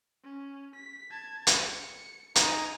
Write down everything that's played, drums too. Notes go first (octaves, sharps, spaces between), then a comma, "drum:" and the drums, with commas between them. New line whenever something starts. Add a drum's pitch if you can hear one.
C#4
B6
A5 G#6
drum: hi-hat
C#7
D#4 G#5 A#5, drum: hi-hat